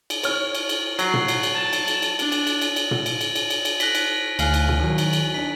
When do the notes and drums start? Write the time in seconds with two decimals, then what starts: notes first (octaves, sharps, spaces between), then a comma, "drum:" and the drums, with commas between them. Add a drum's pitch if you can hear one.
0.10 drum: cymbal
0.23 C#5 F6, drum: cymbal
0.54 drum: cymbal
0.69 drum: cymbal
0.99 F#3 C7, drum: cymbal
1.14 drum: tom
1.28 drum: cymbal
1.43 drum: cymbal
1.54 A5
1.73 drum: cymbal
1.88 drum: cymbal
2.02 drum: cymbal
2.19 D4, drum: cymbal
2.32 drum: cymbal
2.47 drum: cymbal
2.62 drum: cymbal
2.76 drum: cymbal
2.91 drum: tom
3.06 drum: cymbal
3.21 drum: cymbal
3.35 drum: cymbal
3.50 drum: cymbal
3.65 drum: cymbal
3.80 F#6 A#6 B6, drum: cymbal
3.95 drum: cymbal
4.39 D2 F5 G#5 F#6, drum: cymbal
4.54 drum: cymbal
4.69 drum: tom
4.80 D#3 F#3
4.98 drum: cymbal
5.13 drum: cymbal
5.34 D4 D#4 B6